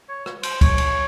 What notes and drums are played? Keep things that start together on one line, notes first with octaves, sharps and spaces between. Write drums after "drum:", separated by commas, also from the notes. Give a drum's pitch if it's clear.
C#5
drum: rim click
C5, drum: cymbal
C#5, drum: kick, cymbal
drum: cymbal